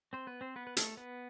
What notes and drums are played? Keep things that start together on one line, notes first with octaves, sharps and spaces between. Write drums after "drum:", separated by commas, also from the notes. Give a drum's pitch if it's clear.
C4 C5
B3 B4
C4 C5
B3 B4
B4
A3 A4, drum: hi-hat
B3 B4